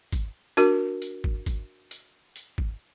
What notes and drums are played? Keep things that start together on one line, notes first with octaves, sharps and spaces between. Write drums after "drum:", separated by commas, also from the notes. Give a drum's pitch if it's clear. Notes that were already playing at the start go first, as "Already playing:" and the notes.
drum: kick, hi-hat
D4 F#4 A#4, drum: hi-hat
drum: hi-hat
drum: kick
drum: kick, hi-hat
drum: hi-hat
drum: hi-hat
drum: kick